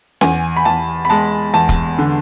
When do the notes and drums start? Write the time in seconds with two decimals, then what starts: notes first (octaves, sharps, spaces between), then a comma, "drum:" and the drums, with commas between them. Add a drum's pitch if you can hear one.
0.21 E2 G#5, drum: snare C#4
0.57 B5
0.65 E2 A5
1.05 B5
1.10 G#3 A5
1.54 E2 A5
1.69 drum: kick, hi-hat
1.99 D3